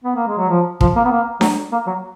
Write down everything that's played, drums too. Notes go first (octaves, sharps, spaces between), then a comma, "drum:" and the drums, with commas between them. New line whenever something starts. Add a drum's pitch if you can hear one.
B3
A#3
G#3
F#3
F3
F3, drum: kick
A#3
B3
A#3
F#3, drum: snare D4
A#3
F#3